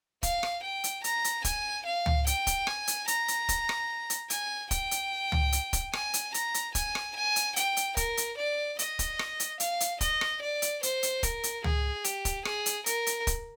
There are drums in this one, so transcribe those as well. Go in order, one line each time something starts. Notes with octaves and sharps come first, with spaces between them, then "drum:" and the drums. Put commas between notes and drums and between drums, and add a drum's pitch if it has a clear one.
F5, drum: kick, hi-hat
drum: rim click
G5
drum: hi-hat
A#5, drum: hi-hat
drum: hi-hat
G#5, drum: kick, hi-hat
F5
drum: tom
G5, drum: hi-hat
drum: kick, hi-hat
G#5, drum: rim click
drum: hi-hat
A#5, drum: hi-hat
drum: hi-hat
drum: kick, hi-hat
drum: rim click
drum: hi-hat
G#5, drum: hi-hat
G5, drum: kick, hi-hat
drum: hi-hat
drum: tom
drum: hi-hat
drum: kick, hi-hat
G#5, drum: rim click
drum: hi-hat
A#5, drum: hi-hat
drum: hi-hat
G#5, drum: kick, hi-hat
drum: rim click
G#5
drum: hi-hat
G5, drum: hi-hat
drum: hi-hat
A#4, drum: kick, hi-hat
drum: hi-hat
D5
D#5, drum: hi-hat
drum: kick, hi-hat
drum: rim click
drum: hi-hat
F5, drum: hi-hat
drum: hi-hat
D#5, drum: kick, hi-hat
drum: rim click
D5
drum: hi-hat
C5, drum: hi-hat
drum: hi-hat
A#4, drum: kick, hi-hat
drum: hi-hat
G#4, drum: tom
G4, drum: hi-hat
drum: kick, hi-hat
G#4, drum: rim click
drum: hi-hat
A#4, drum: hi-hat
drum: hi-hat
drum: kick, hi-hat